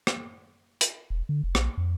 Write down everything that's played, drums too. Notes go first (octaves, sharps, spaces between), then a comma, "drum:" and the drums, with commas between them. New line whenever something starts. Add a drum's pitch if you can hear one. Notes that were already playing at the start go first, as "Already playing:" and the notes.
drum: rim click
drum: hi-hat
E1
D3
F1
A#1, drum: rim click
F2